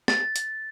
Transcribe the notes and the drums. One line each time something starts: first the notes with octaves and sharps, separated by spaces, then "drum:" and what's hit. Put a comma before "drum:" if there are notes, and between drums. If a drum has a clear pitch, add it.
A6, drum: snare
drum: hi-hat